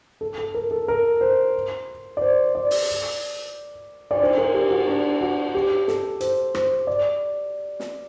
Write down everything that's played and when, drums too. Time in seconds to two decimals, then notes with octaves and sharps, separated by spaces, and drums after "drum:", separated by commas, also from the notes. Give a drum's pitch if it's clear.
0.21 A4
0.38 A4
0.54 A#4
0.71 A4
0.88 A#4
1.21 C5
2.17 D5
2.22 C5
2.55 D5
2.71 drum: open hi-hat
4.11 D5, drum: cymbal
4.21 C5
4.38 A#4
4.54 G4
4.71 F#4
4.87 D4
5.21 F#4
5.55 G4
5.88 A4, drum: snare
6.21 C5, drum: hi-hat
6.55 C5, drum: rim click
6.87 D5
7.80 drum: snare